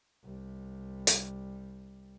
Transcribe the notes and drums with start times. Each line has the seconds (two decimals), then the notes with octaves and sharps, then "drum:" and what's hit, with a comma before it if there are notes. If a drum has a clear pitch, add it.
0.23 C2 G3
1.07 drum: hi-hat